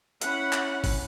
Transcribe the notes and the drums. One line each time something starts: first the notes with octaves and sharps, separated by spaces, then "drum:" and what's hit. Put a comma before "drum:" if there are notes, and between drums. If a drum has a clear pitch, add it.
C#4 E4 F#5 B5, drum: hi-hat
drum: clap
drum: kick G1, open hi-hat